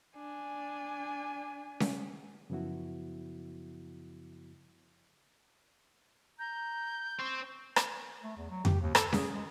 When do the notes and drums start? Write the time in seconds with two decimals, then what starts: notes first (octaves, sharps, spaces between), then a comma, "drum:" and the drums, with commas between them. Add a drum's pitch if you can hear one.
0.16 D4 G#5
1.80 drum: snare C#4
2.50 F#2 C#3 F3 B3 E4 F#4
6.39 A#5 G6
7.19 C4 C#6
7.76 drum: rim click
8.24 A3
8.37 E2
8.50 F#3
8.65 G4, drum: tom F2
8.81 D#2
8.95 A4, drum: rim click
9.13 G#4, drum: snare C#4
9.35 G#3